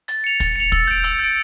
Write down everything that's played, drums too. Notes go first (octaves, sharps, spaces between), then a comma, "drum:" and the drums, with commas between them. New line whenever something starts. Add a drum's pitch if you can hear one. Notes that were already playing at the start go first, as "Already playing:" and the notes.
A6, drum: hi-hat
C#7 F7
A6, drum: kick, hi-hat
C#7 F7
E6, drum: kick
G6 D7
E6, drum: hi-hat
G6 D7